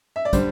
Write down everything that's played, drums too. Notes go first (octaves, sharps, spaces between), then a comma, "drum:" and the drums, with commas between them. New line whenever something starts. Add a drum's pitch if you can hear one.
E5
D5
D3 G3 C5, drum: kick, hi-hat